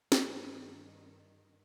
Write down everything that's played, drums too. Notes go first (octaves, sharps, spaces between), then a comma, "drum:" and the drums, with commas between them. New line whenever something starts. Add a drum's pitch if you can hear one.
G2 D#3 C4 A4 B4, drum: snare